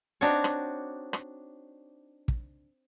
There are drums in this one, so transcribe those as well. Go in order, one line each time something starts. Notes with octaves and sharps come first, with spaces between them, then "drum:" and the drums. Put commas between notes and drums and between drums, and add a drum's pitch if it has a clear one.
C4 D4 D#4 F#4 C#5
drum: rim click
drum: rim click
drum: kick